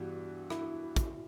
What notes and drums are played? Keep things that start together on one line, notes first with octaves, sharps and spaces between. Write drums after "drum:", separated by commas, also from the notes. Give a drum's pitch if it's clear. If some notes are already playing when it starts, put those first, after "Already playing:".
Already playing: G2 E3 G3 B3 F#4
E4, drum: rim click
drum: kick, hi-hat